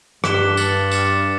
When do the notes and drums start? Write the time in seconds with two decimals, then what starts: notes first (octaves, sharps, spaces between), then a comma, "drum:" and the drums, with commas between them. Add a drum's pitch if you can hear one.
0.24 G2 D6 F#6 B6 E7 G7, drum: rim click
0.57 F6 A6 C#7 F#7, drum: tambourine
0.91 D6 F6 A6 C#7 E7, drum: tambourine